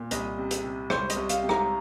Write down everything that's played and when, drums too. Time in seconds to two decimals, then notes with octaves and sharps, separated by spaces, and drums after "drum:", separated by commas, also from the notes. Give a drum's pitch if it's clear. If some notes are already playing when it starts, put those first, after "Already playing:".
Already playing: A#2
0.11 C2 D#5, drum: hi-hat
0.38 C3
0.51 drum: hi-hat
0.64 C3
0.90 C2 C5, drum: rim click
1.10 D#5, drum: hi-hat
1.16 C2
1.29 F5, drum: hi-hat
1.43 C3
1.49 A#5, drum: rim click